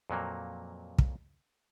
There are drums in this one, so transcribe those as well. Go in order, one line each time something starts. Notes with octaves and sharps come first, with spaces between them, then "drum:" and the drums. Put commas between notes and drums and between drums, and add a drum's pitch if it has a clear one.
F2 A#2 F#3 A#3
drum: kick